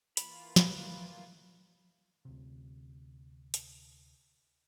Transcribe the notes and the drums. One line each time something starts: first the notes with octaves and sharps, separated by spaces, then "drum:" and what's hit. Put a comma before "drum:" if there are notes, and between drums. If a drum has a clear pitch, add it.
E3 A#3 F4 B5, drum: hi-hat
B4, drum: snare
D2 C3
drum: hi-hat